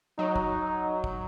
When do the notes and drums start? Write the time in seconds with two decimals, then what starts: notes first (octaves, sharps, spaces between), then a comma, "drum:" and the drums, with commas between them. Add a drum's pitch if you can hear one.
0.18 F#3 D#4
0.36 drum: kick
1.04 drum: kick